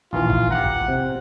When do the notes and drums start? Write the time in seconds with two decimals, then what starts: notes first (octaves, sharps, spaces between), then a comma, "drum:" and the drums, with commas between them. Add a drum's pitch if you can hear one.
0.13 A#1 D#2 E3 F4
0.30 drum: kick
0.51 G4 F#5 A#5
0.64 drum: kick
0.88 C3